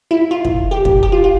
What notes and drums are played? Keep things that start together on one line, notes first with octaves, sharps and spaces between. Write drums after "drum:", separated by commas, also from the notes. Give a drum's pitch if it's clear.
E4
F4
drum: kick
G4
drum: kick
G4
F4
F4